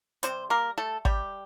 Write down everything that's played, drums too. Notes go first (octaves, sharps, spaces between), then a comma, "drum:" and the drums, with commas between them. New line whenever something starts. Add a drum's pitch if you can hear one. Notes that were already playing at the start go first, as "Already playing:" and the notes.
C3 G3 C4 C5, drum: hi-hat
A#3 A#4
A3 A4
G3 G4, drum: kick